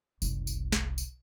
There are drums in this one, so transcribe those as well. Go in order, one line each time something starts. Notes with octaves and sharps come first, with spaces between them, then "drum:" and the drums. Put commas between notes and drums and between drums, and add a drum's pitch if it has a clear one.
F#1 C2, drum: tambourine
drum: tambourine
drum: snare
drum: tambourine